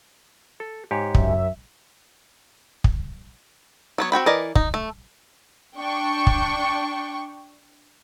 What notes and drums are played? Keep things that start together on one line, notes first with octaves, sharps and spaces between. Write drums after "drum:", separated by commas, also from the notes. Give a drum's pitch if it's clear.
A4
G#2 G4 C#5
F#2 E5, drum: kick
drum: kick
F#3 B3 C#5
C4 F#4 G5 B5
E3 E4 A#4 D5 D#5
D#4, drum: kick
A3
D4 G5 C#6
drum: kick